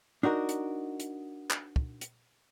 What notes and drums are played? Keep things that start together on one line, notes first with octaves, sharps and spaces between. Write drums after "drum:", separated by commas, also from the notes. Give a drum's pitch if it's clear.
D4 D#4 F#4 A#4 D#5
drum: hi-hat
drum: hi-hat
drum: clap
drum: kick
drum: hi-hat